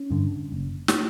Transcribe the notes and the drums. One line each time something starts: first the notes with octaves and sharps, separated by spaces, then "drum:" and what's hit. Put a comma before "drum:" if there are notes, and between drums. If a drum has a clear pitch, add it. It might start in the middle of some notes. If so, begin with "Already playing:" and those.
Already playing: C#4
G2 D3
F#1
drum: snare